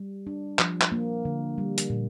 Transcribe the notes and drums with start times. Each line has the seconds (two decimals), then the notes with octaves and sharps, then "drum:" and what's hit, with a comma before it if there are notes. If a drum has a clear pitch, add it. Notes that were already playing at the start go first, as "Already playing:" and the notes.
Already playing: G3
0.27 D4
0.59 F3, drum: clap
0.81 drum: clap
0.92 A#3
1.25 D3
1.58 G3
1.78 drum: hi-hat
1.90 A#2